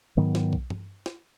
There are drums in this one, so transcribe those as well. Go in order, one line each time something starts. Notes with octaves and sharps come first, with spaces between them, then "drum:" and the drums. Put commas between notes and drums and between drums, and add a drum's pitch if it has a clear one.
G#2 D#3 F#3 B3
drum: snare
drum: kick B1
drum: tom G2
drum: snare